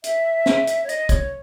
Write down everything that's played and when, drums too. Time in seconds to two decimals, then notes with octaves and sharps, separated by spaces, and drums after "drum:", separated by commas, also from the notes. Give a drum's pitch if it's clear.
0.04 E5, drum: hi-hat
0.46 drum: snare
0.67 drum: hi-hat
0.84 C#5
0.89 D#5, drum: hi-hat
1.09 C#5, drum: kick, hi-hat